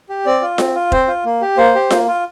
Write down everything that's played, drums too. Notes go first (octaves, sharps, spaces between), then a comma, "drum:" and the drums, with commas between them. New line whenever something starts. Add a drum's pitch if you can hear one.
G4
C4 D5
F4
C4, drum: snare F4
F4
C4 C5, drum: kick F1
F4
A#3
G4
A#3 C5
G4
A#3, drum: snare F4
F4